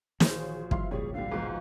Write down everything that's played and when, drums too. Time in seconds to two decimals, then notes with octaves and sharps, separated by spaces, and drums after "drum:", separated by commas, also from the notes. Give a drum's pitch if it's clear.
0.20 A#1 D#3 E3 F#4 G#4 C5 C#5, drum: snare
0.71 G1 D#3 G3 E4 F5 C6, drum: kick
0.91 G#1 C#2 A#2 G3 G#4 C#5
1.14 D3 G3 F5
1.32 G#2 B2 F3 G#5